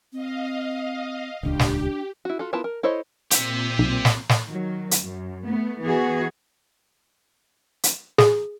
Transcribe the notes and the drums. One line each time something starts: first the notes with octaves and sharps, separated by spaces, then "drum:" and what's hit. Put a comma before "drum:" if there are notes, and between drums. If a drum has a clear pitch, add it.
C4 D#5 F5
D#1 C#2 D4 G4
drum: snare
E4 F#4
F4 F#4 A4
B3 E4 F4 A#4 A5
A#4
E4 A4 C5 C#5 D#5
A#2 C4 G4 E5 C7, drum: hi-hat
B1
drum: snare
drum: snare
D#3 F#3
drum: hi-hat
F#2
A3 B3
E3 B3 F#4 G#4
drum: hi-hat
G#4, drum: snare